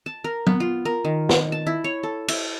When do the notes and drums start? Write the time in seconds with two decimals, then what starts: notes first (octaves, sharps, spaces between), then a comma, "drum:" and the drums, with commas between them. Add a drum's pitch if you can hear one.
0.06 A5
0.24 A#4
0.47 B3, drum: tom F#3
0.60 F4
0.85 A#4
1.05 D#3
1.29 drum: snare
1.52 A5
1.67 E4
1.84 C#5
2.03 A4
2.28 E4, drum: cymbal